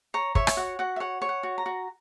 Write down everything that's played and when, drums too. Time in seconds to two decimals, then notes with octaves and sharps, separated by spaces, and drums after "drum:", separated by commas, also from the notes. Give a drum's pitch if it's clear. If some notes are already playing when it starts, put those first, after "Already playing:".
0.14 C#5 A#5
0.35 C#5 E5, drum: kick
0.47 drum: rim click
0.57 F#4 F#5
0.79 F#4 F#5
0.96 E5
1.00 C#5 F#5
1.22 C#5
1.29 F#5
1.43 F#4
1.58 A#5
1.66 F#4